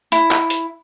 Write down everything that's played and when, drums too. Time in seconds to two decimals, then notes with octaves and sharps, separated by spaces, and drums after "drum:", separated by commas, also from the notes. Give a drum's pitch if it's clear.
0.12 E4, drum: hi-hat
0.31 drum: clap
0.50 drum: hi-hat